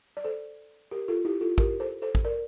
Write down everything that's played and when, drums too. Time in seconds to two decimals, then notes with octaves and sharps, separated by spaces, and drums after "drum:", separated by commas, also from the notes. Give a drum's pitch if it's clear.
0.17 D5
0.24 A4 C5
0.91 G4 A#4
1.08 F4 A4
1.25 E4 G4
1.41 F4 A4
1.58 G4 A#4, drum: kick
1.80 A4 C5
2.02 A4 C5
2.15 drum: kick
2.25 A#4 D5